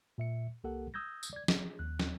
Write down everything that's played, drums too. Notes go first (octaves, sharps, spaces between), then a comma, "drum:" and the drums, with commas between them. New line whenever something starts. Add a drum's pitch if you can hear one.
A#2 E5 C#7
C2 A#3 G4 A4 A#4 F#5
D#6 E6 G6 G#6 A#6
drum: tambourine
D5 G#6
G#4, drum: snare
D#2 F#6
drum: snare